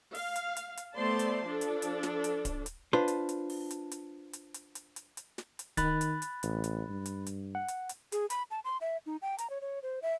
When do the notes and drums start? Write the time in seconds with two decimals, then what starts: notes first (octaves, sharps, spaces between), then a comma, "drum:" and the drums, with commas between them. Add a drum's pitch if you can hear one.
0.15 F5, drum: open hi-hat
0.36 drum: hi-hat
0.56 drum: hi-hat
0.77 drum: hi-hat
0.95 A3 B3 C5 D5 A5 C6
1.19 drum: hi-hat
1.46 F3 D4 A4
1.61 drum: hi-hat
1.82 drum: hi-hat
2.03 drum: snare
2.24 drum: hi-hat
2.45 drum: kick D1, hi-hat
2.66 drum: hi-hat
2.93 D4 F4 B4 C5
3.08 drum: hi-hat
3.29 drum: hi-hat
3.50 drum: open hi-hat
3.71 drum: hi-hat
3.91 drum: hi-hat
4.33 drum: hi-hat
4.54 drum: hi-hat
4.75 drum: hi-hat
4.96 drum: hi-hat
5.17 drum: hi-hat
5.38 drum: snare
5.59 drum: hi-hat
5.77 D#3 B5 F#6 A6, drum: kick D1, hi-hat
6.01 drum: hi-hat
6.22 drum: hi-hat
6.43 A1, drum: hi-hat
6.64 drum: hi-hat
6.89 G2
7.06 drum: hi-hat
7.26 drum: hi-hat
7.55 F#5
7.68 drum: hi-hat
7.89 drum: hi-hat
8.12 G#4, drum: hi-hat
8.30 B5, drum: hi-hat
8.51 A5
8.64 C6
8.81 E5
9.06 D#4
9.22 G5
9.38 A#5, drum: hi-hat
9.50 C#5
9.61 C#5
9.82 C5
10.02 E5